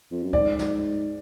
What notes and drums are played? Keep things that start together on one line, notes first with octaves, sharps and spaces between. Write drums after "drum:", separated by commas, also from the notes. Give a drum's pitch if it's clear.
F2
F#2
G#2 D5, drum: kick D2
drum: snare